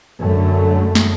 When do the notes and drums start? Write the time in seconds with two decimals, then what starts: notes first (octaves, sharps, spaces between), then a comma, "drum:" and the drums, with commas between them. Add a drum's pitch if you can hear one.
0.20 F#2 D3 A3
0.95 drum: snare